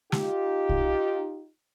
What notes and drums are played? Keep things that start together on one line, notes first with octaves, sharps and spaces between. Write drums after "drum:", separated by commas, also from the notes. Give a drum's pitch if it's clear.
D#4 F4 G4, drum: snare
drum: kick